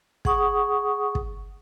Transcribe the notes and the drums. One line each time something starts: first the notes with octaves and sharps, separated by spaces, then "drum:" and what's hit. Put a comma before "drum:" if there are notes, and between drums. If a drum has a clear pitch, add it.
G#4 F#5 C#6 D#6, drum: kick
drum: kick